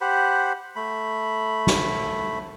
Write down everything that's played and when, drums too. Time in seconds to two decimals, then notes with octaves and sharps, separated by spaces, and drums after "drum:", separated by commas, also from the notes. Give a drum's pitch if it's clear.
0.01 G4 C5 F#5 B5
0.76 A3 B5
1.67 drum: snare